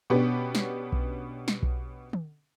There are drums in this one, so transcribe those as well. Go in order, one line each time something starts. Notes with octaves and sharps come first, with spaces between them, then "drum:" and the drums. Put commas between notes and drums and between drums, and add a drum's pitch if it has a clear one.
B2 B3 C#4 D4 G4
drum: snare
drum: kick B1
drum: snare
drum: kick B1
drum: tom